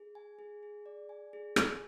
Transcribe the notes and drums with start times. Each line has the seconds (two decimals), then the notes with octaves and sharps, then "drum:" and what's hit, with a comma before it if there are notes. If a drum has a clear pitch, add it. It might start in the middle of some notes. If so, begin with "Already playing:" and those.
Already playing: G#4
0.15 G#5
0.39 G#4
0.63 G#4
0.86 D5
1.09 G#5
1.33 G#4
1.56 G#5, drum: rim click